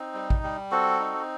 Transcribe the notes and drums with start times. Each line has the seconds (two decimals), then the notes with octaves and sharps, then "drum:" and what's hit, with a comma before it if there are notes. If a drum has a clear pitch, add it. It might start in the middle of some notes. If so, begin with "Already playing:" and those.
Already playing: C4 D#4
0.14 G3
0.30 drum: kick
0.43 G3
0.71 C4 F#4 A4
1.00 D#4